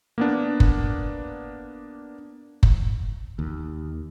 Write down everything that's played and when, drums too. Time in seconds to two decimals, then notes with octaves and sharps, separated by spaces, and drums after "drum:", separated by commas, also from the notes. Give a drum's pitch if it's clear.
0.18 A#3 B3 D4
0.60 drum: kick F#1
2.63 drum: kick F#1
3.39 D#2